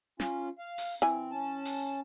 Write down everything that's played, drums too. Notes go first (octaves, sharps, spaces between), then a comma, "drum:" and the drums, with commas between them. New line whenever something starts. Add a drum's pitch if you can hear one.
C#4 F4, drum: snare
F5
drum: open hi-hat
E3 C4 G#5
C#4 A5
drum: open hi-hat